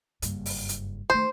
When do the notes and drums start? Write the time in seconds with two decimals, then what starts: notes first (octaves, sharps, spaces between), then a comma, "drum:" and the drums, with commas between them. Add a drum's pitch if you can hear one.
0.22 F#1 G2, drum: hi-hat
0.46 drum: open hi-hat
0.69 drum: hi-hat
1.10 D#3 A3 C5